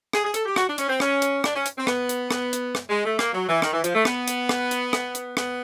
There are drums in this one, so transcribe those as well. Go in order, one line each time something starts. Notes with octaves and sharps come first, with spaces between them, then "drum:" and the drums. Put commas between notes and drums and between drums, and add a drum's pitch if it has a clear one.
G#4, drum: rim click
G#4
A4, drum: hi-hat
G4
F#4, drum: rim click
D4
C#4, drum: hi-hat
C4
C#4, drum: rim click
drum: hi-hat
D4, drum: rim click
C#4
drum: hi-hat
C4
B3, drum: rim click
drum: hi-hat
B3, drum: rim click
drum: hi-hat
drum: rim click
G#3
A3
A#3, drum: rim click
F#3
E3
D#3, drum: rim click
E3
F3, drum: hi-hat
A3
B3, drum: rim click
drum: hi-hat
drum: rim click
drum: hi-hat
drum: rim click
drum: hi-hat
B3, drum: rim click